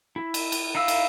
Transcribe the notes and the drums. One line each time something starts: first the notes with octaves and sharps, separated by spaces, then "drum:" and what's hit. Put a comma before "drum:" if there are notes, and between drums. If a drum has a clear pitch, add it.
E4
drum: cymbal
drum: cymbal
D#4 E4 F5 E6
drum: cymbal